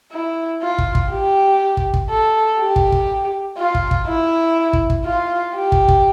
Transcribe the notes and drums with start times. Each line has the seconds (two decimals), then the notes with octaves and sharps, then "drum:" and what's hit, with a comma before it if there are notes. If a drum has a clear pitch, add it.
0.12 E4
0.62 F4
0.78 drum: kick
0.95 drum: kick
1.11 G4
1.77 drum: kick
1.94 drum: kick
2.10 A4
2.59 G4
2.76 drum: kick
2.92 drum: kick
3.58 F4
3.75 drum: kick
3.91 drum: kick
4.07 E4
4.73 drum: kick
4.90 drum: kick
5.06 F4
5.55 G4
5.72 drum: kick
5.88 drum: kick